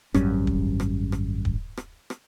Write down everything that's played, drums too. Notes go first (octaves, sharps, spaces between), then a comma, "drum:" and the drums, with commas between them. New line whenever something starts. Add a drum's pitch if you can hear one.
G#1 F#2 G3 C#4, drum: rim click
drum: kick
drum: rim click
drum: rim click
drum: kick
drum: rim click
drum: rim click